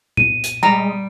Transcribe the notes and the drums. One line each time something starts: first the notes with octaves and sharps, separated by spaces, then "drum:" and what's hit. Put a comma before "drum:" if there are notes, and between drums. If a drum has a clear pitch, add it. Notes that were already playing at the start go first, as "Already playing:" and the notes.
D#7, drum: tom A#2
drum: hi-hat
G3 G#3 A#5